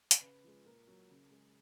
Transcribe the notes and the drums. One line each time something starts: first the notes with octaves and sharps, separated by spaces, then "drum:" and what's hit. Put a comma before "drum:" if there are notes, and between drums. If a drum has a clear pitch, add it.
drum: hi-hat
C#3 B4
F3 G#3
A#2 A#4
F#3
C#3
G#3